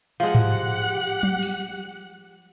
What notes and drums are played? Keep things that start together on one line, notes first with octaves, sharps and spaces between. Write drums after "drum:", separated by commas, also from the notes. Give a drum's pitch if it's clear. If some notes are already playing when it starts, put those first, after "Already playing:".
F3 G#3 G4 F#5
drum: tom G#2
drum: tom F#3
drum: open hi-hat